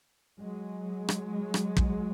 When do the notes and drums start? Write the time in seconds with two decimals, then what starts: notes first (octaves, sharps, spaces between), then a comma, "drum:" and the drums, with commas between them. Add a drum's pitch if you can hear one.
0.40 F#3 G#3
1.09 drum: rim click
1.54 drum: rim click
1.77 drum: kick